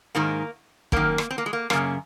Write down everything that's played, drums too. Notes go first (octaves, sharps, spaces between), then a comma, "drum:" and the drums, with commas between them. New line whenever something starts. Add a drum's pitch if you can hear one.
G#2 D#3 A#3
F#2 D#3 A#3, drum: kick
drum: rim click
C4
A#3
G#3
A#3
F#2 C#3 A#3, drum: rim click